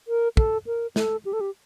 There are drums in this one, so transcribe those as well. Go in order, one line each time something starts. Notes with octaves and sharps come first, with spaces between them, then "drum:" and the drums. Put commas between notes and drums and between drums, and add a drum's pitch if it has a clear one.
A#4
A4, drum: kick
A#4
A4, drum: snare
G4
A4
G4